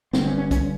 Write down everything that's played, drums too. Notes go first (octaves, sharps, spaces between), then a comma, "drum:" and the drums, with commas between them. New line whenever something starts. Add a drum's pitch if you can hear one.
G1 G2 D3 C4, drum: snare
C#4
C#4
C#4, drum: kick, hi-hat